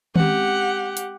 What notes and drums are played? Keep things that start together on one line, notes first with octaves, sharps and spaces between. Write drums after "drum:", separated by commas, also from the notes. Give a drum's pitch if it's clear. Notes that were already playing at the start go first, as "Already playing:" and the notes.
G#3 C4 C#4 G4 F#5, drum: tom D#3
drum: hi-hat